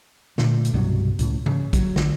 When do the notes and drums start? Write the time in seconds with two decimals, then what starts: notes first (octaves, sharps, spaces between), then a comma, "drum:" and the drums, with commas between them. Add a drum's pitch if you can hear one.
0.38 A#2 D3 A3, drum: snare
0.65 drum: hi-hat
0.74 C2 G2 B2 F#3
1.19 C#2 A2, drum: hi-hat
1.46 C#3, drum: tom G#2
1.73 F#3, drum: kick, hi-hat
1.96 D3, drum: snare